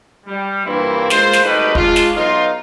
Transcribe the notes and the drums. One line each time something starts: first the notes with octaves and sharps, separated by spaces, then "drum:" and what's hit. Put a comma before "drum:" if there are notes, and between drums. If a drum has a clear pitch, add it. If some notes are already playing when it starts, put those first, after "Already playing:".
G3
G2 A#2 E3 A#3 C4 E4
G#3 A#3 F4 C5, drum: snare
drum: snare
G#1 G3 A3 D#4 B4
G#3 C#4 D4 F4, drum: kick
drum: snare
B1 D#4 F4